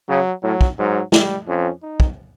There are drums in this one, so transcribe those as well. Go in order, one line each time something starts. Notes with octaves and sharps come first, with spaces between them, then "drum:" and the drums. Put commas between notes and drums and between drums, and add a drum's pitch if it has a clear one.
C#3 F#3
A2 F#3
drum: kick
G#2 F#3
G3, drum: snare
F2 C#4
D#4
drum: kick